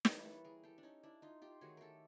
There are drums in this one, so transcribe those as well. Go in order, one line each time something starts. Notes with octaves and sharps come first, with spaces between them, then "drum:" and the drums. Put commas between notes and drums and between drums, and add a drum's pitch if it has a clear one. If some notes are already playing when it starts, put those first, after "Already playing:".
E3 G3 A#3 B4 C#5, drum: snare
A4 B4
G#4 A#4
G4 A4
D4
C#4 D#4
D4 E4
D#4 F4
F4 G4
D#3 F#3 A3 F#4 G#4
G4 A4 A#4